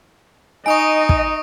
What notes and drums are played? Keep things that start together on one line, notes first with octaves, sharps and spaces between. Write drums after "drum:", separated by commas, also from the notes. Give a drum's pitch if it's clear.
D#4 D#5 G#5 C#6 D#6 D7
drum: kick